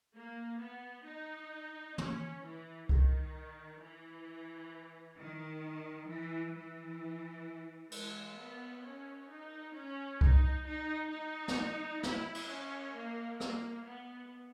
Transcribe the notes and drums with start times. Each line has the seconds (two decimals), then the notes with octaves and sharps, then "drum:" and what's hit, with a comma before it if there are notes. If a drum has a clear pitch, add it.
0.15 A#3
0.61 B3
1.06 D#4
1.98 C#4, drum: tom
2.44 E3
2.89 D#3, drum: kick C2
3.81 E3
5.18 D#3
6.09 E3
6.55 E3
7.92 G#3, drum: cymbal
8.37 B3
8.84 C#4
9.29 D#4
9.75 C#4
10.21 D#4, drum: kick C2
10.66 D#4
11.12 D#4
11.48 drum: snare
12.03 E4, drum: snare
12.35 drum: cymbal
12.49 C#4
12.95 A#3
13.40 A#3, drum: rim click
13.86 B3